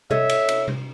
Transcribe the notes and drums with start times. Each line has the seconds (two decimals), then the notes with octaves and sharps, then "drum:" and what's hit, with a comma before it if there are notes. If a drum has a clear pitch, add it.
0.10 A4 C#5 D#5 E5, drum: tom C3
0.29 drum: cymbal
0.49 drum: cymbal
0.68 drum: tom C3